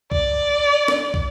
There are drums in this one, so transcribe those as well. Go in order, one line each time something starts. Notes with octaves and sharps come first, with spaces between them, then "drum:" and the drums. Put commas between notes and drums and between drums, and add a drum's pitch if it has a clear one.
D5, drum: kick
drum: snare
drum: kick